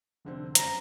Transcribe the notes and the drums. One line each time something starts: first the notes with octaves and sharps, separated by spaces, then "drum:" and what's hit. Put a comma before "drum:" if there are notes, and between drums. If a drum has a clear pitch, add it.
F1 D3 C4
F#2 C5 A#5 A#6, drum: hi-hat